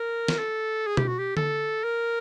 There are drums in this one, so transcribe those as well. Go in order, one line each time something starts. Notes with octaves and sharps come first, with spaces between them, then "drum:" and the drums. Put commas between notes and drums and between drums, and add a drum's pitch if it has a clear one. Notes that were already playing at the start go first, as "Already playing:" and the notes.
Already playing: A#4
drum: snare
A4
G#4
G4, drum: tom B2
F#4
G4
A4, drum: tom D3
A#4